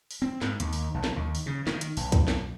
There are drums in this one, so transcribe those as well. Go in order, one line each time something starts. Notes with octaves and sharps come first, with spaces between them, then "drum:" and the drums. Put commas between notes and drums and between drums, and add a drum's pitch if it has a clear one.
drum: open hi-hat
C4
G#2, drum: snare
D#2, drum: hi-hat
drum: open hi-hat
B1
drum: snare
D#2
drum: open hi-hat
C#3
D#3, drum: snare
drum: hi-hat
B1, drum: open hi-hat
drum: kick C2, hi-hat
drum: snare